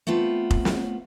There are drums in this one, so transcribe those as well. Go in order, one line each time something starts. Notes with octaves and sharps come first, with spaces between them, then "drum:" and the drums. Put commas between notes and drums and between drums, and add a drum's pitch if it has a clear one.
A3 B3 C4 F4
drum: kick F1
drum: snare